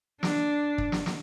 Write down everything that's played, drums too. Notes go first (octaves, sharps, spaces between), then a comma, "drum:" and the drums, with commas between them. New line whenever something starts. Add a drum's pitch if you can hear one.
D4, drum: snare
drum: kick
drum: snare
drum: snare